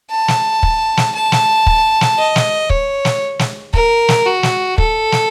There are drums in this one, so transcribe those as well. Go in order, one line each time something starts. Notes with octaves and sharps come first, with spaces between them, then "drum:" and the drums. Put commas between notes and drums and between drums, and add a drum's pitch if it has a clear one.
A5
drum: snare
drum: kick
drum: snare
A5
drum: snare
drum: kick
drum: snare
D#5
drum: snare
C#5, drum: kick
drum: snare
drum: snare
A#4, drum: kick
drum: snare
F#4
drum: snare
A4, drum: kick
drum: snare